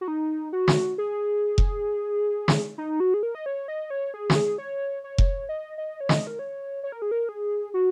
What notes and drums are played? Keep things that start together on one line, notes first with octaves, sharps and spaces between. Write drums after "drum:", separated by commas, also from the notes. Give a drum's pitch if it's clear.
F#4
D#4
F#4
drum: snare
G#4
drum: kick F1
drum: snare
D#4
F#4
G#4
A#4
D#5
C#5
D#5
C#5
G#4
F#4, drum: snare
G#4
C#5
C#5
drum: kick F1
D#5
D#5
C#5
D#5, drum: snare
A#4
C#5
C#5
A#4
G#4
A#4
G#4
F#4